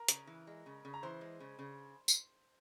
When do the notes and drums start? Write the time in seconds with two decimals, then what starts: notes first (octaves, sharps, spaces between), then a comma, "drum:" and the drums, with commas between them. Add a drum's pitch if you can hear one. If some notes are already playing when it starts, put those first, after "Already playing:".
Already playing: A#4 A#5
0.08 C#3, drum: hi-hat
0.27 E3
0.47 G#3
0.66 C#3
0.85 C#3
0.94 A#5
1.03 E3 C5 C6
1.21 G#3
1.40 C#3
1.59 C#3
2.08 drum: tambourine